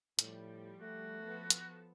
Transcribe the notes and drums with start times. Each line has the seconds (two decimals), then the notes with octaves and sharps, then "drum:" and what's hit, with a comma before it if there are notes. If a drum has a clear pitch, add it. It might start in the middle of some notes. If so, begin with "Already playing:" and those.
0.19 A2 F3 G3, drum: hi-hat
0.80 A3 F#4
1.22 F3 B3 A4
1.50 drum: hi-hat